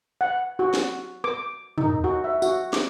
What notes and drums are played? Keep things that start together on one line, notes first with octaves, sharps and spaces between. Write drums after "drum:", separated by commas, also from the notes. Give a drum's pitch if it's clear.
F#5
F#4
drum: snare
D6, drum: rim click
D#4, drum: tom
F#4
E5
F#4, drum: tambourine
D6, drum: snare